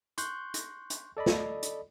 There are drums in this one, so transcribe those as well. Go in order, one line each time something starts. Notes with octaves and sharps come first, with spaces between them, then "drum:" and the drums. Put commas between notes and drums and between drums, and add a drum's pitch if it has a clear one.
C6 C#6 F#6 G6, drum: hi-hat
drum: hi-hat
drum: hi-hat
A4 D5 D#5 B5
drum: snare
drum: hi-hat